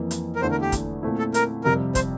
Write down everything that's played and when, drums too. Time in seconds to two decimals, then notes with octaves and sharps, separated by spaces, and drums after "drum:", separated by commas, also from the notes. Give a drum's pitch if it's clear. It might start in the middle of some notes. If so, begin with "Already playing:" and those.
Already playing: F2 E3 A#3
0.11 drum: hi-hat
0.36 A#4
0.41 E2 D3 A3 E4 C5
0.51 A#4
0.62 G4
0.72 drum: kick, hi-hat
1.03 A#2 A3 C4 E4
1.18 A4
1.34 A#4, drum: hi-hat
1.64 F2 C3 G3 A#4
1.95 C5, drum: kick, hi-hat